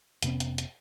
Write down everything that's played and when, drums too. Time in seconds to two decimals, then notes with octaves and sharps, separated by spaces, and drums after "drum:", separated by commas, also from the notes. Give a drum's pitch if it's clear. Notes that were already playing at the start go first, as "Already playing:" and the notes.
0.22 F1 C3 B3 C#4, drum: hi-hat
0.40 drum: hi-hat
0.58 drum: hi-hat